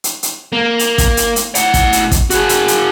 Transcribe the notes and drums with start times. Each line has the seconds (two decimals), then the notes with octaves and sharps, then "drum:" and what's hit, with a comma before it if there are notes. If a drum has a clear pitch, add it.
0.04 drum: hi-hat
0.23 drum: hi-hat
0.52 A#3
0.79 drum: hi-hat
0.98 drum: kick, hi-hat
1.17 drum: hi-hat
1.36 drum: hi-hat
1.55 A2 F#5, drum: hi-hat
1.74 drum: kick, hi-hat
1.93 drum: hi-hat
2.11 drum: kick, hi-hat
2.30 F#4 G#4, drum: hi-hat
2.49 drum: hi-hat
2.68 drum: hi-hat